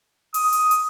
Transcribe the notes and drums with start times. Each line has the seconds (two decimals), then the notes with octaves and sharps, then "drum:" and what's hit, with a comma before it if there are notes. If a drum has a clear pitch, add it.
0.34 D#6, drum: open hi-hat
0.52 drum: hi-hat
0.71 drum: hi-hat